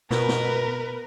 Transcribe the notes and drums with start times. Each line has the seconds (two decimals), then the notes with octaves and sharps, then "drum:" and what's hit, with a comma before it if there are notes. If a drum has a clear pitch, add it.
0.11 B2 A#4 B4, drum: snare
0.29 drum: snare